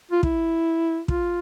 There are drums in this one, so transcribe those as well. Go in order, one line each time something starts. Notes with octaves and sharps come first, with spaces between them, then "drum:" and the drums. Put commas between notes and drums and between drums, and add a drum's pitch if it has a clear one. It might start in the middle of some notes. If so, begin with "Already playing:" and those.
F4
E4, drum: kick
F4, drum: kick